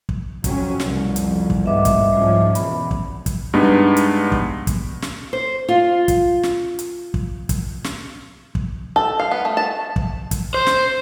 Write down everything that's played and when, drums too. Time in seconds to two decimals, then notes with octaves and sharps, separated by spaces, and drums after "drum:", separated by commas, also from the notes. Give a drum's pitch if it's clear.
0.09 drum: kick
0.44 F2 F#3 C#4, drum: kick, hi-hat
0.80 F1 C2 B2, drum: snare
1.16 F2, drum: hi-hat
1.50 drum: kick
1.64 A1 G#2 B3 D#5 E5 D6
1.85 drum: kick, hi-hat
2.12 G#2 F3 C#4
2.55 E2 B2 B5, drum: hi-hat
2.91 drum: kick
3.26 drum: kick, hi-hat
3.53 G2 G#3 B3 D#4
3.97 drum: hi-hat
4.32 drum: kick
4.67 drum: kick, hi-hat
5.02 drum: snare
5.33 C5
5.69 F4
6.08 drum: kick, hi-hat
6.43 drum: snare
6.79 drum: hi-hat
7.14 drum: kick
7.49 drum: kick, hi-hat
7.84 drum: snare
8.55 drum: kick
8.96 A4
9.19 F5
9.31 B3
9.45 A3
9.57 A5
9.96 drum: kick
10.31 drum: kick, hi-hat
10.54 C5
10.66 drum: snare